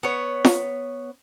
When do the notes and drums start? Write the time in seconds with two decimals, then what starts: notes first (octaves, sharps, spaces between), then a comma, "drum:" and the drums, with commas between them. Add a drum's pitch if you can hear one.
0.03 B3 C#5
0.45 drum: snare F4